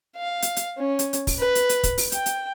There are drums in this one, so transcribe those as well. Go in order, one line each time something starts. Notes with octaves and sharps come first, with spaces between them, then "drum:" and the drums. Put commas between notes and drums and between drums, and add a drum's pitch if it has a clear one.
F5
drum: hi-hat
drum: hi-hat
C#4
drum: hi-hat
drum: hi-hat
drum: kick, open hi-hat
B4
drum: hi-hat
drum: hi-hat
drum: kick, hi-hat
drum: open hi-hat
G5, drum: hi-hat
drum: hi-hat